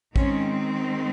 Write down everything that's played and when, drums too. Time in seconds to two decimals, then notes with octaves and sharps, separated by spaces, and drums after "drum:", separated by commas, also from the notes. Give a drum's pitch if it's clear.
0.16 D#3 G#3 C4 C#4, drum: kick A1